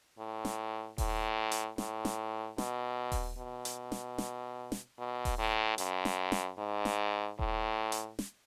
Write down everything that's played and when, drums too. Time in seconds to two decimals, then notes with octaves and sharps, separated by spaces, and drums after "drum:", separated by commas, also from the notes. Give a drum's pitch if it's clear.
0.19 A2
0.45 drum: snare
0.98 A2, drum: kick D#1, open hi-hat
1.52 drum: hi-hat
1.78 A2, drum: snare
2.05 drum: snare
2.58 B2, drum: snare
3.12 drum: kick D#1, open hi-hat
3.38 B2
3.65 drum: hi-hat
3.92 drum: snare
4.18 drum: snare
4.72 drum: snare
4.99 B2
5.25 drum: kick D#1, open hi-hat
5.38 A2
5.78 F#2, drum: hi-hat
6.05 drum: snare
6.32 drum: snare
6.58 G#2
6.85 drum: snare
7.39 A2, drum: kick D#1
7.92 drum: hi-hat
8.19 drum: snare